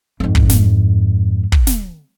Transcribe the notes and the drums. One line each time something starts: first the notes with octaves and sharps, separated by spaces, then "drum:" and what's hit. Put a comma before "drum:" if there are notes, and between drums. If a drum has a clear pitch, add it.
F2 G#2
drum: kick
drum: snare
drum: kick
drum: snare